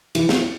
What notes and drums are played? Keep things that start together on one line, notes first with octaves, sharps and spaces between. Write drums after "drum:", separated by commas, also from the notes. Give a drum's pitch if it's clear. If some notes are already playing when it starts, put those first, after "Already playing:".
E3, drum: cymbal
drum: snare